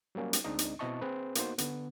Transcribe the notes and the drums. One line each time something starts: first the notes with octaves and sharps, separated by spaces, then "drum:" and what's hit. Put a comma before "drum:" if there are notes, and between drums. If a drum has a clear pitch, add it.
F#3 G3 A#3 C#4
drum: hi-hat
D2 G#3 C4 D4 D#4 D#5
drum: hi-hat
B2 C4 E4 D#5 A5 C#6
C4 G#4 B4 C5
A#3 B3 D#4 F#4 C5, drum: hi-hat
D3 B3, drum: hi-hat